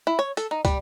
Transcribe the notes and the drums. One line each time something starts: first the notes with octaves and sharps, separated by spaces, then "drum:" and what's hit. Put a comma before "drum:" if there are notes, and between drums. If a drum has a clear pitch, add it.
E4
C#5
A4, drum: hi-hat
D#4
G3, drum: kick, hi-hat